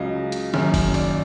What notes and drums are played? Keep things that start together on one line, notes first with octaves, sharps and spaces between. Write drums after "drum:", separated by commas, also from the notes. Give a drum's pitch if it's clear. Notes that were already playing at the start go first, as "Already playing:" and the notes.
Already playing: C#2 C#3 F#3 D#5
drum: hi-hat
F#1 F#2 D#3, drum: snare
drum: kick F#1, open hi-hat
D5, drum: open hi-hat